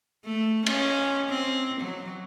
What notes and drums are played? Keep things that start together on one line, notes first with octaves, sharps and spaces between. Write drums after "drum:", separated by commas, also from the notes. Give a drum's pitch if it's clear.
A3
C#4, drum: cymbal
C4
F#3